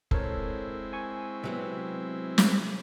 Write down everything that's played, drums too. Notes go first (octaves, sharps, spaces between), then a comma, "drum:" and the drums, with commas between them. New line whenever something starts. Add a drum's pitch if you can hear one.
G#3 C4 E4 A4 A#4 C#5, drum: kick F1
G#5 C#6
C3 F#3 B3
drum: snare